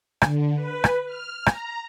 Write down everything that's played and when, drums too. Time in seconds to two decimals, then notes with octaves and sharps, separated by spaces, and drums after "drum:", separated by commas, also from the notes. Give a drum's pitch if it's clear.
0.22 D3, drum: rim click
0.55 B4
0.84 drum: rim click
1.06 F6
1.46 A#5, drum: rim click